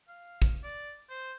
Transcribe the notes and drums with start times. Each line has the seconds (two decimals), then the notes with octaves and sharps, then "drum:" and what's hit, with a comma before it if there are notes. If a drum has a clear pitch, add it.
0.08 F5
0.42 drum: kick
0.63 D5
1.10 C5